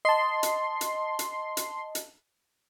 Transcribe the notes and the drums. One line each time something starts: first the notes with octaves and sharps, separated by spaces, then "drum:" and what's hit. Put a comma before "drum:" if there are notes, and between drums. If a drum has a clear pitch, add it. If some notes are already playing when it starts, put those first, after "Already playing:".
D#5 A5 C6
drum: hi-hat
drum: hi-hat
drum: hi-hat
drum: hi-hat
drum: hi-hat